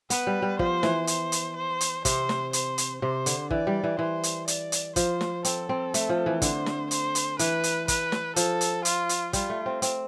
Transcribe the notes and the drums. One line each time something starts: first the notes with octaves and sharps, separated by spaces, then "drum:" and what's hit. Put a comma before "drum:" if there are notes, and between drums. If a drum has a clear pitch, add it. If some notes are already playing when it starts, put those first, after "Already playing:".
B3 B4, drum: hi-hat
G3
G3
F3 C5, drum: kick
E3, drum: snare
C5, drum: hi-hat
drum: hi-hat
C5
drum: hi-hat
C3 C5, drum: kick, hi-hat
drum: snare
C5, drum: hi-hat
drum: hi-hat
C3 C5
D3, drum: hi-hat
E3 D5, drum: kick
G3
E3
E3 C5
drum: hi-hat
D5, drum: hi-hat
drum: hi-hat
F3 C5, drum: kick, hi-hat
drum: snare
C4 A4, drum: hi-hat
C4
A3, drum: hi-hat
F3
E3
D3 C5, drum: kick, hi-hat
drum: snare
C5, drum: hi-hat
drum: hi-hat
E3 B4, drum: hi-hat
drum: hi-hat
B4, drum: kick, hi-hat
drum: snare
F3 A4, drum: hi-hat
drum: hi-hat
F4, drum: hi-hat
drum: hi-hat
G3 F4, drum: kick, hi-hat
A3
C4
C4, drum: hi-hat